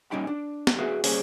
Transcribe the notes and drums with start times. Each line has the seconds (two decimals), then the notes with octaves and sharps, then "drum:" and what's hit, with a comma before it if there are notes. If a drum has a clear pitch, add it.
0.11 A#2 G3 C#4 D#4 G5 B5
0.27 D4
0.67 drum: snare
0.78 F#4 G#4 B4 E5 F5
1.04 G3 A#3 C#4 G#4 C5 C#5, drum: open hi-hat